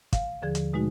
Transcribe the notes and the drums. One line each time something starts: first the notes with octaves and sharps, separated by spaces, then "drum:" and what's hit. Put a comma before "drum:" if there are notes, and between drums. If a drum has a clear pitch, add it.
F5, drum: kick, hi-hat
D#2 D3 F3 G#4 G#6
drum: hi-hat
B2 G#3 A3 D#4 F#4